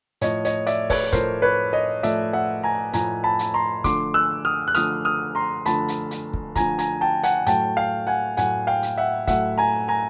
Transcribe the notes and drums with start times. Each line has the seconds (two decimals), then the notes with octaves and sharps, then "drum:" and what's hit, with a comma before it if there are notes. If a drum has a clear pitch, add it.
0.21 A2 F3 A3 C#5 D#5, drum: hi-hat
0.45 C#5 D#5, drum: hi-hat
0.67 D5 E5, drum: hi-hat
0.90 B4 C#5, drum: kick, open hi-hat
1.13 A2 F3 A3 A#4 C5, drum: kick, hi-hat
1.42 B4 C#5
1.73 C#5 D#5
2.03 A2 F3 A3 D5 E5, drum: hi-hat
2.33 E5 F#5
2.63 G#5 A#5
2.93 A2 F3 A3 G#5 A#5, drum: hi-hat
3.24 A5 B5
3.39 drum: hi-hat
3.54 A#5 C6
3.84 D3 F3 A3 C6 D6, drum: kick, hi-hat
4.14 E6 F#6
4.45 D#6 F6
4.68 F#6
4.75 D3 F3 A3 D#6 F6, drum: hi-hat
5.05 D#6 F6
5.35 A#5 C6
5.66 D3 F3 A3 A5 B5, drum: hi-hat
5.88 drum: hi-hat
6.11 drum: hi-hat
6.34 drum: kick
6.56 D3 F3 A3 G#5 A#5, drum: kick, hi-hat
6.78 G#5 A#5, drum: hi-hat
7.01 G5 A5
7.24 F#5 G#5, drum: hi-hat
7.46 A2 F#3 A3 G5 A5, drum: hi-hat
7.77 F5 G5
8.07 F#5 G#5
8.37 A2 F#3 A3 F#5 G#5, drum: hi-hat
8.67 F5 G5
8.83 drum: hi-hat
8.98 E5 F#5
9.27 A2 F#3 A3 E5 F#5, drum: kick, hi-hat
9.58 G#5 A#5
9.88 G#5 A#5